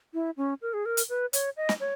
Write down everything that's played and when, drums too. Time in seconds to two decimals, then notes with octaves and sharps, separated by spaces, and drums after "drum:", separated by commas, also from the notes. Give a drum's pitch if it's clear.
0.14 E4
0.37 C#4
0.62 A#4
0.74 G#4
0.86 A#4
0.97 drum: hi-hat
1.09 B4
1.33 C#5, drum: hi-hat
1.57 D#5
1.69 drum: snare
1.80 C#5